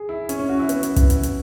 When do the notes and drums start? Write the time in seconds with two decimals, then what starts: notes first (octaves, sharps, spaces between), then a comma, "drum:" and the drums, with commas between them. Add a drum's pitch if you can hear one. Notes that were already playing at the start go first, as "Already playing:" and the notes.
Already playing: G#4
0.09 E4
0.29 C#4, drum: hi-hat
0.39 C#4
0.49 F#4
0.59 E4
0.69 B3, drum: hi-hat
0.83 drum: hi-hat
0.96 drum: kick, hi-hat
1.10 drum: hi-hat
1.23 drum: hi-hat